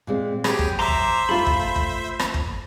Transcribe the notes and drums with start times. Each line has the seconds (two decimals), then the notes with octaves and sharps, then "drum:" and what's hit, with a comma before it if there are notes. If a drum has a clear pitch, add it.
0.07 A#2 G#3 C4
0.44 F#3 G4 G#4, drum: rim click
0.59 drum: kick
0.79 C5 E5 A#5 C6 D6
0.88 drum: kick
1.29 A3 F4 A4 B5
1.46 drum: kick
1.76 drum: kick
2.19 drum: rim click
2.34 drum: kick